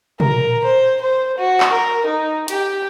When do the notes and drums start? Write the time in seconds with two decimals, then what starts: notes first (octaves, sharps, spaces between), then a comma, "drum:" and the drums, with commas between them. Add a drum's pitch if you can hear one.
0.20 A#4, drum: tom
0.64 C5
1.01 C5
1.38 F#4
1.60 drum: clap
1.72 A#4
2.05 D#4
2.48 G4, drum: hi-hat